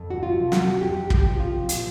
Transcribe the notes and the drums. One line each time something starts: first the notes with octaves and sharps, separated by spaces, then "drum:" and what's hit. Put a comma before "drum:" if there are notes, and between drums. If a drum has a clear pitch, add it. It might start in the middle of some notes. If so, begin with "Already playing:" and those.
Already playing: F2
F#4
F4
C3 F3
F#4, drum: snare
F2 G4
G4, drum: kick
C3 F3
F4
A#2 F4, drum: hi-hat